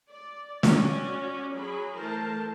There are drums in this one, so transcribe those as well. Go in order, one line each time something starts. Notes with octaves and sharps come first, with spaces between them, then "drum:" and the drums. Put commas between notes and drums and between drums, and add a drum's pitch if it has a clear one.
D5
C#4 F#4 D5, drum: snare
F#3 G#4 B5
E3 A3 A#4 C5 A5